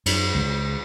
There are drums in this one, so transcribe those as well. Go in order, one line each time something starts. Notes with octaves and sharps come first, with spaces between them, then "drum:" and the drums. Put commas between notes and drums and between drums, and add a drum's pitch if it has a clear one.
F#2, drum: cymbal
C#2